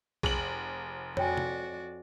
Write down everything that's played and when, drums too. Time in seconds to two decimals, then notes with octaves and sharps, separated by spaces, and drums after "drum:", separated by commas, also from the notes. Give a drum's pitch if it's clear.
0.23 F1 G#4 F#7, drum: kick B1
1.17 F2 F#4 C#5 D5 G5 G#5, drum: tom
1.38 drum: tom C3